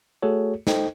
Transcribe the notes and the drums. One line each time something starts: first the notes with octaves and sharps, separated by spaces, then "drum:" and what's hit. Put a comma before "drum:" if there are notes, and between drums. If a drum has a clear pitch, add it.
A3 F#4 G#4 A4 C#5
D#4 A4 C5 D#5 G5, drum: snare